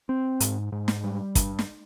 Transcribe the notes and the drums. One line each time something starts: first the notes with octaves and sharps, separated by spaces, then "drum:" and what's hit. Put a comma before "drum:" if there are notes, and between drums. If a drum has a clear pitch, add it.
C4
G#2, drum: hi-hat
G#2
drum: snare
G3
G2, drum: kick, hi-hat
drum: snare